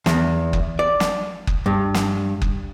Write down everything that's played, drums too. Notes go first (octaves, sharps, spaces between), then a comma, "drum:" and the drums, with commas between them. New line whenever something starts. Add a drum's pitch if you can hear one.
E2, drum: snare
drum: kick F#1
D5
drum: snare
drum: kick F#1
G2
drum: snare
drum: kick F#1